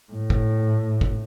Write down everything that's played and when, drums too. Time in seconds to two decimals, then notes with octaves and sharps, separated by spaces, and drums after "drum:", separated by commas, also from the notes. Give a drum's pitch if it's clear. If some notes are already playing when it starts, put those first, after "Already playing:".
0.12 A2
0.30 drum: kick
1.01 drum: kick